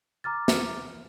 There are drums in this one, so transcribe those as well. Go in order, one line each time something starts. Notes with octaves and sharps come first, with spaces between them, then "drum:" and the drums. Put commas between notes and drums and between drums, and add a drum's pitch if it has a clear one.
A#5 D6 F6 A6
drum: snare